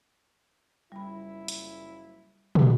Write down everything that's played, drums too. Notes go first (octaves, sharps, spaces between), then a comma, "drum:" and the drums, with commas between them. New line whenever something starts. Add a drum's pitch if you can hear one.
F#1 A#2 G3 E4 B5
drum: hi-hat
drum: tom